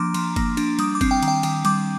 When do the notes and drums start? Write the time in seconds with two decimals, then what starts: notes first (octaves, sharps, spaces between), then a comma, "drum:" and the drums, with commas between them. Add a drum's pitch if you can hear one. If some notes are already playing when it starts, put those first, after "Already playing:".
Already playing: F3 A#3 D4 A#5 C6 D6
0.14 F3, drum: cymbal
0.36 A#3, drum: kick F#1, cymbal
0.57 D4, drum: cymbal
0.79 G3 D#6, drum: cymbal
0.95 D6
1.01 C4, drum: kick F#1, cymbal
1.11 G5
1.23 D#3, drum: cymbal
1.28 G5
1.43 D#3 G5, drum: cymbal
1.65 G3 D6, drum: cymbal